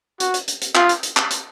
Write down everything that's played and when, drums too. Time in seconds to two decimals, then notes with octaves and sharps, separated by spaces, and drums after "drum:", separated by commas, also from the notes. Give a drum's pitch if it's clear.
0.20 F#4, drum: hi-hat
0.34 drum: hi-hat
0.48 drum: hi-hat
0.61 drum: hi-hat
0.75 F4, drum: clap
0.89 drum: hi-hat
1.03 drum: hi-hat
1.17 drum: clap
1.30 drum: hi-hat